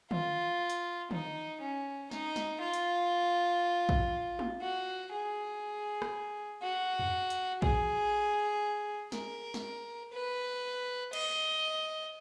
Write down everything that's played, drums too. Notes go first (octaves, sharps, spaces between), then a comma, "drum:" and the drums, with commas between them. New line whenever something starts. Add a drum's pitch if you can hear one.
F4, drum: tom
drum: hi-hat
D#4, drum: tom
C#4
D#4, drum: snare
drum: snare
F4
drum: hi-hat
drum: kick
drum: tom
F#4
G#4
drum: rim click
F#4
drum: tom E2
drum: hi-hat
G#4, drum: kick
A#4, drum: snare
drum: snare
B4
D#5, drum: cymbal